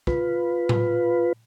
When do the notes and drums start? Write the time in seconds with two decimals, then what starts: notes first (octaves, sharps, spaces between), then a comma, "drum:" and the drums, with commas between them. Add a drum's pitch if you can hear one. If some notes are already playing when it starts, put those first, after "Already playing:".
0.07 F4 B4, drum: kick
0.69 drum: tom A2